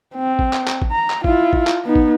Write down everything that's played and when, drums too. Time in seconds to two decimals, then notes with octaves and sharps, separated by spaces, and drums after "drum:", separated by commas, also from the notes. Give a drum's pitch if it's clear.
0.15 C4
0.39 drum: kick
0.53 drum: clap
0.67 drum: clap
0.82 drum: kick
0.91 A#5
1.10 drum: clap
1.24 E4 F4, drum: kick
1.53 drum: kick
1.67 drum: clap
1.85 B3 D#4
1.96 drum: kick